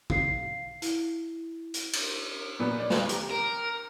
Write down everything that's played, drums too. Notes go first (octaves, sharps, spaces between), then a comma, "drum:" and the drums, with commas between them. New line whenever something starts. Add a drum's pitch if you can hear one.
F5 C7, drum: kick
E4, drum: hi-hat
drum: hi-hat
drum: cymbal
A#2 B3
D5
drum: snare
G4 A#5, drum: hi-hat
A#4